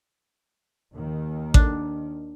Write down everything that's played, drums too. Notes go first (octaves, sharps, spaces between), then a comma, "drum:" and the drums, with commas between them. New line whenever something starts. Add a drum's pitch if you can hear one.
D#2 D#3
D4, drum: kick A1